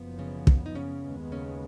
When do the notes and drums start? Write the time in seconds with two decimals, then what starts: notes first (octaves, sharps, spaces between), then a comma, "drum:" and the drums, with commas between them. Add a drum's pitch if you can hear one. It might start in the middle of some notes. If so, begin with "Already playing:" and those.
Already playing: F#1 F#2 F3 B3
0.19 C#3 C#4
0.47 drum: kick
0.66 D#4
0.75 C#3 C#4
1.03 D#2 D#3 G#3 B3
1.32 C#3 C#4